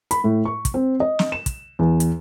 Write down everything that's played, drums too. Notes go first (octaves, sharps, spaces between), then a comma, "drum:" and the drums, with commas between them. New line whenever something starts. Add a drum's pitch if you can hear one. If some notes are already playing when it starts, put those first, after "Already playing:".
B5, drum: hi-hat
A2
C#6
drum: kick, hi-hat
C4
D#5
drum: snare
E7
drum: kick, hi-hat
E2
drum: hi-hat